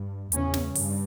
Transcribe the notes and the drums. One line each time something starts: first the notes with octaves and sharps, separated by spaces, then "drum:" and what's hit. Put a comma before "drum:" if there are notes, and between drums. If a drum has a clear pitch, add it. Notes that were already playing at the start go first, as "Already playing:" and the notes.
Already playing: G2
E2 C#3 C#4, drum: hi-hat
drum: snare
G2, drum: open hi-hat